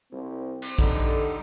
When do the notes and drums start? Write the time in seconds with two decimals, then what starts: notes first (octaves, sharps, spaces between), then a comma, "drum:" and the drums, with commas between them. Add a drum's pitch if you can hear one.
0.13 C2 C4
0.62 drum: cymbal
0.79 D3 G3 D#4 A4, drum: kick